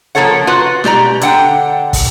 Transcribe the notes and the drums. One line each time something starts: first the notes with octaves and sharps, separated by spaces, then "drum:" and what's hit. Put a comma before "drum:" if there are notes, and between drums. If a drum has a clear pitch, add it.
F3 A3 A#3 A4 C#5 F#5
F4 F#4 B4 F#5
B2 G4 D5 A#5, drum: snare
D3 F#5 G5, drum: hi-hat
drum: kick, open hi-hat